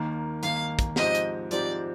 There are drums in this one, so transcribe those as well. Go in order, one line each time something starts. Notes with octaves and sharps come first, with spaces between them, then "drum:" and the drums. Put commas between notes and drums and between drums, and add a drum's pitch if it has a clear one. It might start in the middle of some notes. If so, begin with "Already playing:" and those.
Already playing: D#2 D#3 A#3
D#2 D#3 A#3 F5, drum: hi-hat
drum: kick, hi-hat
G#2 F3 C4 G4 D#5, drum: snare
drum: hi-hat
G#2 F3 C4 G4 D5, drum: hi-hat